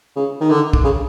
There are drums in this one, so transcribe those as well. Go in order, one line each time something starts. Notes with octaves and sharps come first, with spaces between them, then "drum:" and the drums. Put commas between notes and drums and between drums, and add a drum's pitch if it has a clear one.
C#3
D#3
D3
drum: kick
C#3